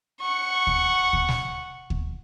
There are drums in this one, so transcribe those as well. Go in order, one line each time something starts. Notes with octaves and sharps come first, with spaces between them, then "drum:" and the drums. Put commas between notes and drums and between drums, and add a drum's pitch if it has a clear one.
F#5 C#6
drum: kick D2
drum: kick D2
drum: snare
drum: kick D2